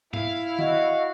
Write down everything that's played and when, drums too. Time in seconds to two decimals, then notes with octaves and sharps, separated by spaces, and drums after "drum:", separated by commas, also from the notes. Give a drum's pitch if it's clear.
0.14 E4 F5, drum: tom G#2
0.59 F#4 D#5, drum: tom D#3